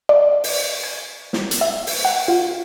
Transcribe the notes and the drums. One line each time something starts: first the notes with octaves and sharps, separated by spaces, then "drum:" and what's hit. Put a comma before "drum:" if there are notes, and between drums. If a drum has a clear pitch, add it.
D5
drum: open hi-hat
G#5
drum: snare
drum: hi-hat
E5
drum: open hi-hat
F#5
F4